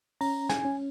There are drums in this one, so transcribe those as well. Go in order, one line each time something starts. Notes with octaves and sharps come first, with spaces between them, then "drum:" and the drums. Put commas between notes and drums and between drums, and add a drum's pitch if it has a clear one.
C#4 A#5, drum: open hi-hat
G#5, drum: snare
C#4